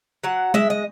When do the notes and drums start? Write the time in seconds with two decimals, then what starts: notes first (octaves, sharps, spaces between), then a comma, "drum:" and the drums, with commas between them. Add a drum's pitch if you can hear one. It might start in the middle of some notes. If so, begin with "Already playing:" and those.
0.24 F#3 F#5
0.54 G#3 E5, drum: tom G#3
0.70 D#5